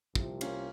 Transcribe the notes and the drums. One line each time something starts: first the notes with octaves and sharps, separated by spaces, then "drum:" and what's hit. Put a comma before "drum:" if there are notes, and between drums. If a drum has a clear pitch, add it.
C2 C3 F3, drum: kick
A#3 C#4 F4, drum: cymbal